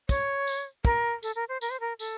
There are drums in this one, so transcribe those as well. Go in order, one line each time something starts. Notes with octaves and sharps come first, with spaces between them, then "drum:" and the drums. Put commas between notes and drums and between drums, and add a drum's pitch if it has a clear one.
C#5, drum: kick, tambourine
drum: tambourine
A#4, drum: kick
A4, drum: tambourine
A#4
C5
A#4, drum: tambourine
C5
A#4
A4, drum: tambourine